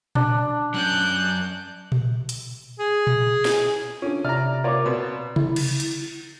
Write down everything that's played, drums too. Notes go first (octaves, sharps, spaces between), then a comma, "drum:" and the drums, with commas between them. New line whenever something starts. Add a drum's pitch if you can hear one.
D4, drum: tom A#2
F#3 C#4 F#6 G6
drum: tom A#2
drum: hi-hat
G#4
drum: tom A#2
drum: snare
D3 C#4 F4
C3 D5 E5 A#5 F6
A#3 F4 C#5 D5 D6
B2 B3 C4 C6
E4, drum: tom C3
drum: cymbal
drum: hi-hat